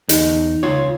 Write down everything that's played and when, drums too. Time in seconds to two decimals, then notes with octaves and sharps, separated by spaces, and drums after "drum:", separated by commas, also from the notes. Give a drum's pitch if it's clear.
0.09 E2 D#4, drum: hi-hat
0.63 C#2 F4 C#5